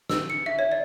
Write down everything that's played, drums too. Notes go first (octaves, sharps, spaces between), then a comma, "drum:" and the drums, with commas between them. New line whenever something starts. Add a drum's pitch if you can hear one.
E6, drum: snare
C#7
E5
C#5
D5